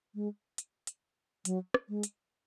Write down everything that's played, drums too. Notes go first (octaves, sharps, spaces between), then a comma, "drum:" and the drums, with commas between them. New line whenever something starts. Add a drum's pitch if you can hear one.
G#3
drum: hi-hat
drum: hi-hat
F#3, drum: hi-hat
drum: rim click
G#3
drum: hi-hat